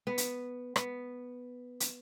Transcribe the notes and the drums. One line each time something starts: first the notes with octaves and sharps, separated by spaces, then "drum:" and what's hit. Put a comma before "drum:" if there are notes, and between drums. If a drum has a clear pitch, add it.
B3
drum: hi-hat
B3, drum: rim click
drum: hi-hat